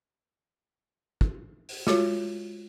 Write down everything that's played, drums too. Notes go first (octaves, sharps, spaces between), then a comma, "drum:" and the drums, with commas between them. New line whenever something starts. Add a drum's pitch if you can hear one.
drum: kick
drum: open hi-hat
G#3 F4 F#4 C#5, drum: snare